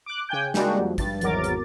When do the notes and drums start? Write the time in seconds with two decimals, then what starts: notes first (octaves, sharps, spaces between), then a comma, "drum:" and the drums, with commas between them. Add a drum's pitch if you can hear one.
0.06 D6 F#6
0.29 C#3 G5 G#5 G6
0.54 G3 G#3 A#3 D4 D#4 F#4, drum: snare
0.79 F2
0.98 G2 A6, drum: kick, hi-hat
1.21 G#1 E2 F#3 A#4 D6 A6, drum: hi-hat
1.44 drum: hi-hat